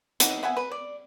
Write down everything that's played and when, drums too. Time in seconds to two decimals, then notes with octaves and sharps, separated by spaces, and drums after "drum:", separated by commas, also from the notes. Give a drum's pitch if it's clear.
0.20 E3 B3 D#4, drum: hi-hat
0.43 B3 E5 F#5 G#5
0.57 B4
0.71 D5